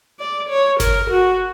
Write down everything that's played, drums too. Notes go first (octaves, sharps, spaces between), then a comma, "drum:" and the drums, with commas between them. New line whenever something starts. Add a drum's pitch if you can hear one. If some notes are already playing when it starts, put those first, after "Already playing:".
D5
C#5
A#4, drum: snare G1
F#4